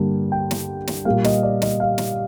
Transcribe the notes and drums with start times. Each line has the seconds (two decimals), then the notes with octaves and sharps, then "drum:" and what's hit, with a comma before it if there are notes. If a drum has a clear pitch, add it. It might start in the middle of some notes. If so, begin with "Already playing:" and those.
Already playing: G2 D3 G3 A#3
0.32 G5
0.51 drum: snare
0.87 drum: snare
1.05 A#2 G3 A#3 F5
1.24 D#5, drum: snare
1.43 D5
1.62 D#5, drum: snare
1.80 F5
1.98 drum: snare